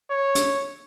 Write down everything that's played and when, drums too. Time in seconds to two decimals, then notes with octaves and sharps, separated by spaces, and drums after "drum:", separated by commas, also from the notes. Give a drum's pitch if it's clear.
0.10 C#5
0.35 drum: hi-hat